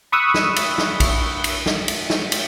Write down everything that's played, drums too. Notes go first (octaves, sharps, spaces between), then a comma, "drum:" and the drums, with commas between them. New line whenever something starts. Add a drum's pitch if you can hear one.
B5 C#6 D#6 E6 F#6
drum: snare
drum: cymbal
drum: snare
drum: kick A#1, cymbal
drum: cymbal
drum: snare
drum: cymbal
drum: snare
drum: cymbal